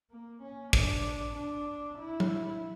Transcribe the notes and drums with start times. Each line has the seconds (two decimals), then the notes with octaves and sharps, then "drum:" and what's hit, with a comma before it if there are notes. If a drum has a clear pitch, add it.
0.11 A#3
0.42 C#4
0.73 D4, drum: kick
1.35 D4
1.98 E4
2.20 drum: tom F#3